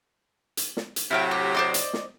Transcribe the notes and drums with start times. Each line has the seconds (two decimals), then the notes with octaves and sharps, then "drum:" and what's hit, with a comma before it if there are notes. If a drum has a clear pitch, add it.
0.57 drum: hi-hat
0.77 drum: snare
0.96 drum: hi-hat
1.11 A2 C3 F#3 E4 F5 G5
1.31 G4
1.55 C5 D5 D#5
1.74 drum: hi-hat
1.93 drum: snare